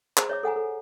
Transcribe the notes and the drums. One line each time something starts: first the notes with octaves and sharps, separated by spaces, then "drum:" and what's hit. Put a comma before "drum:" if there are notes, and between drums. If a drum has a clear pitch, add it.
G#4 C5 A#5, drum: clap
C#5 E5 D6
A4 F#5 G#5 A#5
A4